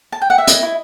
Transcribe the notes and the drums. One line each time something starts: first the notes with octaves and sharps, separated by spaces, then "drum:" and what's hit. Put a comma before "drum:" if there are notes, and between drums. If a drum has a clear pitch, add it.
A5
G5
F#5
E5
E4 D#5, drum: hi-hat
E4